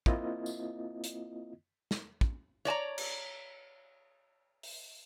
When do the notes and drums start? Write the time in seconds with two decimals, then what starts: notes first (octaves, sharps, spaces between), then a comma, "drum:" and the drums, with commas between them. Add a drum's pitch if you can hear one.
0.06 A#3 C4 E4 F4 D#5, drum: kick
0.46 drum: tambourine
1.04 drum: hi-hat
1.91 drum: snare
2.21 drum: kick
2.65 C#5 D5 A5 A#5
2.98 drum: cymbal
4.63 drum: open hi-hat